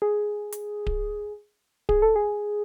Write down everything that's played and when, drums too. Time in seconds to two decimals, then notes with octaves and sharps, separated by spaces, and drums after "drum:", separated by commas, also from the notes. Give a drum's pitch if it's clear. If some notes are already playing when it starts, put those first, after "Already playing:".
0.02 G#4
0.52 drum: hi-hat
0.87 drum: kick D1
1.89 G#4, drum: kick D1
2.02 A4
2.16 G#4